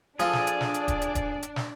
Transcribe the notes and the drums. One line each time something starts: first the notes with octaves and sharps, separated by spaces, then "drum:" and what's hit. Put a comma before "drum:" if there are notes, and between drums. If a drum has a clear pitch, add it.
F3 D4 F4 G#4 A4 D5, drum: hi-hat
drum: snare
drum: hi-hat
drum: snare
drum: hi-hat
drum: kick D#1, hi-hat
drum: hi-hat
drum: kick D#1, hi-hat
drum: hi-hat
drum: snare